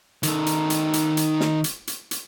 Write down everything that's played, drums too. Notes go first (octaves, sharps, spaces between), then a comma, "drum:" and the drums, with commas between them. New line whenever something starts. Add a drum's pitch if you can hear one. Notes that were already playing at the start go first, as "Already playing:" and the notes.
D#3 A4, drum: hi-hat
drum: hi-hat
drum: hi-hat
drum: hi-hat
drum: hi-hat
drum: snare
drum: hi-hat
drum: hi-hat
drum: hi-hat